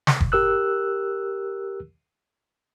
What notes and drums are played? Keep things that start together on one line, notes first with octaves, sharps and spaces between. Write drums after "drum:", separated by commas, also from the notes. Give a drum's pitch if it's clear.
drum: snare
drum: kick F#1
G4 A#4 E6 F#6